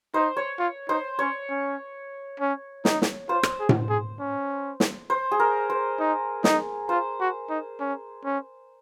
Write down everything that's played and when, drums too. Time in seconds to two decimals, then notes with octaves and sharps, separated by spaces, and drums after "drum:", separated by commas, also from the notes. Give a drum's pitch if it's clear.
0.14 D#4 C5
0.37 C#5
0.59 F4
0.89 D#4 C5
1.19 C#4 C#5
1.50 C#4
2.40 C#4
2.85 D#4, drum: snare
3.02 drum: snare
3.29 F4 C5
3.43 drum: rim click
3.60 G#4
3.69 drum: tom A2
3.89 G#4
4.19 C#4
4.80 drum: snare
5.10 C5
5.31 G#4
5.40 A#4
5.70 C5
5.99 D#4
6.44 D#4, drum: snare
6.89 F4 C5
7.20 F#4
7.49 D#4
7.80 C#4
8.25 C#4